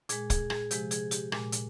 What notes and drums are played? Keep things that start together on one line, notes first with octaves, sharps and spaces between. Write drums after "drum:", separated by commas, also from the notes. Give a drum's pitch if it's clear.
A#2 G#3 G#4, drum: hi-hat
G#4, drum: kick, hi-hat
G#4, drum: rim click
C3 F3 G#3 G4, drum: hi-hat
G#4, drum: hi-hat
G4, drum: hi-hat
A#2 G#3, drum: rim click
drum: hi-hat